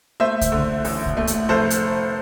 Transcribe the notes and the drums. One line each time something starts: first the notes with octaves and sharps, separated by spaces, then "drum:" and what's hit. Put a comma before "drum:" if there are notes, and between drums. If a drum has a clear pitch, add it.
A3 C5 E5
drum: kick C2, hi-hat
D3
A1, drum: open hi-hat
drum: kick C2
A3
drum: hi-hat
F1 A4 C5
drum: hi-hat